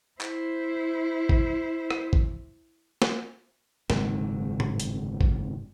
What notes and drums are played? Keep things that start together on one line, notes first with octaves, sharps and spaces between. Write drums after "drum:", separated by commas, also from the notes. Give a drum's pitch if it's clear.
E4 C5, drum: clap
drum: kick
drum: rim click
drum: kick
drum: snare
F#1 G#2 C3 D#3, drum: snare
drum: tom A2
drum: hi-hat
drum: kick